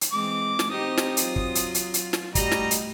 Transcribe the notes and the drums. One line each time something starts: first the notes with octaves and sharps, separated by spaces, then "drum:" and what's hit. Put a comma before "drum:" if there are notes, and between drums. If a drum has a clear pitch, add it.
drum: hi-hat
E3 G#3 C4 D6
drum: snare
C4 D#4 G4 D#6
drum: snare
F#3 F4, drum: hi-hat
drum: kick
drum: hi-hat
drum: hi-hat
drum: hi-hat
drum: snare
A2 G3 F#4 G4 D#5 A#5, drum: kick, hi-hat
drum: snare
drum: hi-hat